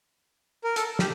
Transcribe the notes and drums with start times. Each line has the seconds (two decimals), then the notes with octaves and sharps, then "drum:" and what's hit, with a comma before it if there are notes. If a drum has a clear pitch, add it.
0.64 A#4
0.76 A4, drum: hi-hat
0.99 G4, drum: snare